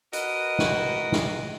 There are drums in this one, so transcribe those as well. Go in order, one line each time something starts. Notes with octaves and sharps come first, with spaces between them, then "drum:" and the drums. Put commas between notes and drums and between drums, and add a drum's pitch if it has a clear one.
F#4 A#4 B4 D#5, drum: hi-hat
drum: snare
drum: snare